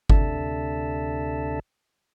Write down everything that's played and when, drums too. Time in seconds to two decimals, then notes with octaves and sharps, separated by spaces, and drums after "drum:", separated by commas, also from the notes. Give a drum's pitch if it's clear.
0.10 D2 C3 D4 A4 E5 A5, drum: kick G1